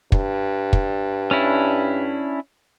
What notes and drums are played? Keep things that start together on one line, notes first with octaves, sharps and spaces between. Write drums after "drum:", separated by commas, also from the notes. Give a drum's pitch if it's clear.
G2, drum: kick
drum: kick
C#4 D4 E4